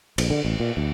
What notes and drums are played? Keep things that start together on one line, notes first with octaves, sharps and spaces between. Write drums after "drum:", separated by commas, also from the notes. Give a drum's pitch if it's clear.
A#1, drum: cymbal
D3
A1
A#2
D2